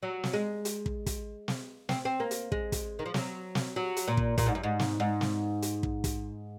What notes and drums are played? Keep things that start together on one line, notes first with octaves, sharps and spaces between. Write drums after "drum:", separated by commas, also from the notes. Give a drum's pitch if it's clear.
F#3
drum: snare
G#3
drum: hi-hat
drum: kick
drum: kick, hi-hat
drum: snare
C4, drum: snare
C4
A#3
drum: hi-hat
G#3, drum: kick
drum: kick, hi-hat
D#3
F3
F#3, drum: snare
drum: snare
F#3
drum: hi-hat
A#2
drum: kick
A#2, drum: kick, hi-hat
G#2
F#2
G#2
drum: snare
G#2
drum: snare
drum: hi-hat
drum: kick
drum: kick, hi-hat